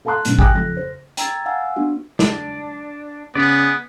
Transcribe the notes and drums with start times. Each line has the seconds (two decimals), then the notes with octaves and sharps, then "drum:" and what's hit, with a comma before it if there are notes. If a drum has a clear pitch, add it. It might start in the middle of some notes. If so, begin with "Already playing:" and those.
0.05 A4 F5 A5 A#5 C6 F#6
0.25 F#2 B2 D3, drum: hi-hat
0.39 G5 G#5 D6 D#6 F#6 A#6, drum: kick G#1
0.55 F2 A#6
0.77 C5
1.17 G5 A#5 E6 G#6 A6, drum: hi-hat
1.46 F5 F#5 G#5 E6
1.76 B3 C4 D4 F#4
2.19 D4, drum: snare
3.35 C#3 B3 G#4 D5